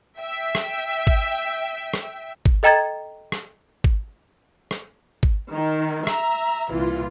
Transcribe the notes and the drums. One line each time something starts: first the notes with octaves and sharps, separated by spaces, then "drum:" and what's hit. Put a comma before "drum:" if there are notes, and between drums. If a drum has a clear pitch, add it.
E5 G5
drum: rim click
drum: kick G#1
drum: rim click
drum: kick G#1
A4 D#5 G5 A#5 G#6 A6
drum: rim click
drum: kick G#1
drum: rim click
drum: kick G#1
D#3
E5 A#5, drum: rim click
C2 A#2 E3 F4